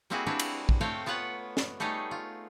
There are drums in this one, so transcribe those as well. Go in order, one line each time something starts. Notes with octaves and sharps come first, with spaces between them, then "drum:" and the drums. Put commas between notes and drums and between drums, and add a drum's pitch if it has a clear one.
G3 A#3 C4 E4 F#4 G#4
C4 D4 E4 B4 C#5
drum: cymbal
drum: kick
A3 C4 C#5 F5 G5
B3 F4 B4 C#5 F#5
drum: snare
G3 A3 D#4 G#4 C#5
F4